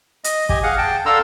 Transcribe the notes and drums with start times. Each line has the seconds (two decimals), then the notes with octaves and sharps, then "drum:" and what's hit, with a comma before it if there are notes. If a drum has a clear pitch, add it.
0.24 D#5, drum: hi-hat
0.49 G4 D#5 G#5, drum: kick
0.63 G#4 F5 F#5
0.78 G5 A5
1.06 D4 A4 F5 A#5 C6 E6